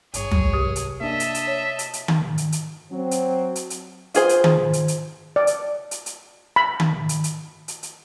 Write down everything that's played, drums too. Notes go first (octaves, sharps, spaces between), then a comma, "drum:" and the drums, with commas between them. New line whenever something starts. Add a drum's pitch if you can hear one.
G#1 G2 G#4 C#5, drum: hi-hat
drum: tom
C3 G4 D#6
drum: hi-hat
A#3 D4 D#5 E5 A5
drum: hi-hat
drum: hi-hat
C#5
drum: hi-hat
drum: hi-hat
drum: tom D#3
drum: hi-hat
drum: hi-hat
F#3 C4
drum: hi-hat
drum: hi-hat
drum: hi-hat
F4 G#4 C5, drum: hi-hat
drum: hi-hat
drum: tom D#3
drum: hi-hat
drum: hi-hat
D5
drum: hi-hat
drum: hi-hat
drum: hi-hat
B5
drum: tom D#3
drum: hi-hat
drum: hi-hat
drum: hi-hat
drum: hi-hat